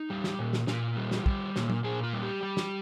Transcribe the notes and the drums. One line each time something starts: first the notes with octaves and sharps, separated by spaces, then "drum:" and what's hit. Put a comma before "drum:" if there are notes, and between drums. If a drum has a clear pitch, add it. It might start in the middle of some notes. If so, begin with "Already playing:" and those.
Already playing: D#4
G3
drum: snare
A#2
drum: snare
A#2 F4, drum: snare
G3
drum: snare
G3, drum: kick
A#2, drum: snare
drum: tom
A#2 G#4
F4
G3
G4
G3
drum: snare